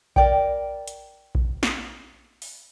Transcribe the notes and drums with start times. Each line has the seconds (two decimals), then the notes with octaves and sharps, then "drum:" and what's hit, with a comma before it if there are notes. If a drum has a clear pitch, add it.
0.16 A#4 D5 G5, drum: kick A#1
0.88 drum: hi-hat
1.35 drum: kick A#1
1.63 drum: snare
2.42 drum: open hi-hat